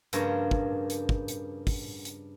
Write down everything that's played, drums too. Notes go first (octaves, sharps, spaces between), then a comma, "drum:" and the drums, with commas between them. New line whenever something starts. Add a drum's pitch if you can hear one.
G2 C#3 F3 A#3 C#5 A#5, drum: hi-hat
drum: kick
drum: hi-hat
drum: kick
drum: hi-hat
drum: kick, open hi-hat
drum: hi-hat